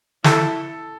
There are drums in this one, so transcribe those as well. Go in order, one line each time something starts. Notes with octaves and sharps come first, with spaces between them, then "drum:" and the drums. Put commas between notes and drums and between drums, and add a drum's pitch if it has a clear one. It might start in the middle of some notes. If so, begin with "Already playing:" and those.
E4 A4, drum: snare